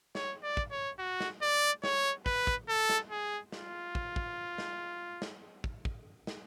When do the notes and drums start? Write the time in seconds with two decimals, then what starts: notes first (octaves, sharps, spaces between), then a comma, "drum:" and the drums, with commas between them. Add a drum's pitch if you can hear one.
0.15 C#5, drum: snare
0.43 D5
0.57 drum: kick
0.71 C#5
0.99 F#4
1.20 drum: snare
1.42 D5
1.84 C#5, drum: snare
2.26 B4, drum: kick
2.47 drum: kick
2.69 A4
2.89 drum: snare
3.11 G#4
3.52 F4, drum: snare
3.95 drum: kick
4.16 drum: kick
4.58 drum: snare
5.22 drum: snare
5.64 drum: kick
5.85 drum: kick
6.27 drum: snare